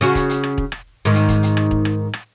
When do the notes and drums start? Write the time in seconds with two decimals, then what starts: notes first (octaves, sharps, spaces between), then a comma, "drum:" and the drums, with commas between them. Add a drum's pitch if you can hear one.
0.01 C#3 C#4 F#4
0.15 drum: kick, hi-hat
0.29 drum: hi-hat
0.43 drum: rim click
0.58 drum: kick
0.72 drum: rim click
1.05 G#2 D#3
1.14 drum: hi-hat
1.28 drum: kick, hi-hat
1.43 drum: hi-hat
1.57 drum: rim click
1.71 drum: kick
1.85 drum: rim click
2.13 drum: rim click